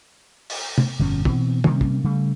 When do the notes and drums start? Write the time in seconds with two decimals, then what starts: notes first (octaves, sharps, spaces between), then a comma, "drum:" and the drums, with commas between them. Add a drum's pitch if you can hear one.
0.50 drum: open hi-hat
0.78 drum: tom
0.99 G1 F2 B2 C#4
1.25 B2 E3 C4, drum: kick
1.64 C3 G3 A#3 C#4, drum: tom
1.81 drum: kick
2.04 C#3 G3 A3